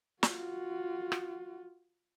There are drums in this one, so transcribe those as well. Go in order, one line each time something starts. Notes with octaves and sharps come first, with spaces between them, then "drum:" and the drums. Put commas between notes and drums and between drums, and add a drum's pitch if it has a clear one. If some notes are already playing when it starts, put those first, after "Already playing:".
F4 F#4, drum: snare
drum: rim click